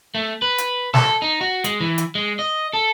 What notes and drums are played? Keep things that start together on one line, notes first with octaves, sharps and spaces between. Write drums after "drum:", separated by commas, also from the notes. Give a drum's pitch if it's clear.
A3
B4
drum: hi-hat
A4, drum: snare
D#4
F#4
G#3, drum: hi-hat
E3
drum: hi-hat
G#3
D#5
A4